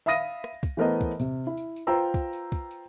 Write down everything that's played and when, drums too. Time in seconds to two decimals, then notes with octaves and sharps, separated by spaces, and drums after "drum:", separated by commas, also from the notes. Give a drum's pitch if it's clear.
0.06 E5 F5 B5 D#6 A#6 D#7
0.44 drum: rim click
0.63 drum: kick, tambourine
0.77 E3 A3 B3 A#4 C5 D#5
1.01 drum: kick, tambourine
1.20 C3, drum: tambourine
1.47 E4
1.57 drum: tambourine
1.76 drum: tambourine
1.87 F4 B4 C5 G5 A#5 E6
2.14 drum: kick, tambourine
2.33 drum: tambourine
2.52 drum: kick, tambourine
2.71 drum: tambourine